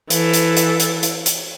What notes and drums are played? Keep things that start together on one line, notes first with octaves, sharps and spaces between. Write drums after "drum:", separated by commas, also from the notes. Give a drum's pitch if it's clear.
E3 A4, drum: hi-hat
drum: hi-hat
drum: hi-hat
drum: hi-hat
drum: hi-hat
drum: hi-hat